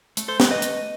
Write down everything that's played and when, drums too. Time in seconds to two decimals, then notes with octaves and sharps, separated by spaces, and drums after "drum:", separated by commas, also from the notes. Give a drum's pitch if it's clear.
0.17 A3, drum: hi-hat
0.28 A4 C5
0.40 A3 G4 B4, drum: snare
0.51 B4 D#5
0.62 A3, drum: hi-hat